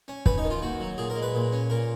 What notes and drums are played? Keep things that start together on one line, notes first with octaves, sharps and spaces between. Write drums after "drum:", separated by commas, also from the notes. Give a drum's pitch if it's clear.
C#4
C#4 B4, drum: kick
D#4
D#3
F4
D#2 F#4
F#3
A#2 G#4
A#4
G#3
B4
A#2
C#4
A#2 A#4